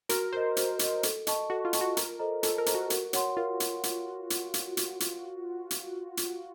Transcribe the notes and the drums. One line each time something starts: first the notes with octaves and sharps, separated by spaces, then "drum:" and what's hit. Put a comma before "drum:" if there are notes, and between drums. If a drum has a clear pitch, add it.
F#4 A#4, drum: hi-hat
A#4 C5 D#5
F#4, drum: hi-hat
A#4 D#5, drum: hi-hat
A4, drum: hi-hat
D#5 A5 C#6, drum: hi-hat
F#4 A4
F4
D#5 A5 C#6, drum: hi-hat
F#4
F4 A#4, drum: hi-hat
A4 C5 D#5 A#5
F4 A4, drum: hi-hat
A#4
A4 C5 D#5 A#5, drum: hi-hat
F#4
A#4, drum: hi-hat
C#5 F#5 C6, drum: hi-hat
F4 A#4
drum: hi-hat
drum: hi-hat
drum: hi-hat
drum: hi-hat
drum: hi-hat
drum: hi-hat
drum: hi-hat
drum: hi-hat